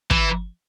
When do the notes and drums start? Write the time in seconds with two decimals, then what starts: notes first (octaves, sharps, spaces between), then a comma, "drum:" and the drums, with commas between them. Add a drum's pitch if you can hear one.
0.10 E3, drum: kick